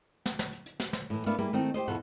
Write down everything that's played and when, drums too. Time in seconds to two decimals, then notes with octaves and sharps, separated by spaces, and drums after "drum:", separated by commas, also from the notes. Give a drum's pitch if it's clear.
0.26 drum: snare
0.39 drum: snare
0.53 drum: hi-hat
0.66 drum: hi-hat
0.80 drum: snare
0.93 drum: snare
1.10 A2 E3
1.26 A3 B3 D4 A#4 B4 F5
1.39 G3 A#3 E4 G#4 B4
1.53 D#3 A3 C4 D#4
1.74 G4 G#4 C5 D#5, drum: hi-hat
1.88 E2 B2 F4 A4 F#5